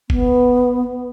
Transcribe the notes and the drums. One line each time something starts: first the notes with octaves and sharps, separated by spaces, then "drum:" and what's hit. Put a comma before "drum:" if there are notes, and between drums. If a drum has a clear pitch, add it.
B3, drum: kick F#1